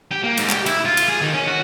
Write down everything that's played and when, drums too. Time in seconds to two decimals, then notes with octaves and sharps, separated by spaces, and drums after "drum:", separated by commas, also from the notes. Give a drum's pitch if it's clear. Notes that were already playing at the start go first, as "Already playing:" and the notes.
0.11 G4
0.24 A#3
0.37 G#2, drum: cymbal
0.50 G4, drum: clap
0.66 E4, drum: cymbal
0.85 F4
0.97 drum: cymbal
1.09 G#4
1.22 D#3
1.34 C#4
1.47 F#4